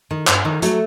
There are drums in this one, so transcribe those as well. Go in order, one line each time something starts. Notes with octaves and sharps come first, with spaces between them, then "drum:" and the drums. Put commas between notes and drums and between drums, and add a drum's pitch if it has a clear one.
D#3
G2, drum: clap
D#3
F#3 A3, drum: hi-hat